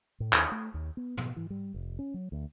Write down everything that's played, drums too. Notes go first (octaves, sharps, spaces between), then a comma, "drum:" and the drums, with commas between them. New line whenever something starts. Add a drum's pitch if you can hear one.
A2
D#2, drum: clap
A3
D#2
B3
B2, drum: tom
E3
G3
F1
C#4
F#3
D2